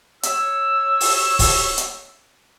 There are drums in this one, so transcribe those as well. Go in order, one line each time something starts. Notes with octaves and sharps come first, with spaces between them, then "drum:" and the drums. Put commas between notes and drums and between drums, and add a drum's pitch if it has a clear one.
C#5 E6, drum: hi-hat
drum: open hi-hat
drum: kick, open hi-hat
drum: hi-hat